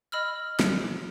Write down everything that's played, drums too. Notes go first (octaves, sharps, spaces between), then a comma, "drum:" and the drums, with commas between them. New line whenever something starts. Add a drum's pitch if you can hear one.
D#5 B5 E6 F6
drum: snare